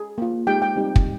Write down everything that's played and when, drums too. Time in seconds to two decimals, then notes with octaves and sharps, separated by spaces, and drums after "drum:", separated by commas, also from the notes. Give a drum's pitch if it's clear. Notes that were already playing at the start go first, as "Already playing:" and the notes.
Already playing: G#4
0.18 A#3 F4
0.47 G#3 D#4 G4 G5
0.62 G5
0.76 G3 C4 D#4 G4
0.96 drum: kick